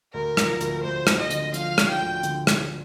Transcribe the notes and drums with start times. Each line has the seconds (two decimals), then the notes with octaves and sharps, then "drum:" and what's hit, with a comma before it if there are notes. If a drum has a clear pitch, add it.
0.13 D2 A#4
0.37 F3, drum: rim click
0.61 D2, drum: hi-hat
0.83 D2 C5
1.07 D2, drum: rim click
1.19 D#5
1.30 D3, drum: hi-hat
1.54 F3 F5, drum: hi-hat
1.78 D3, drum: rim click
1.89 G5
2.01 D2
2.23 D3, drum: hi-hat
2.47 drum: rim click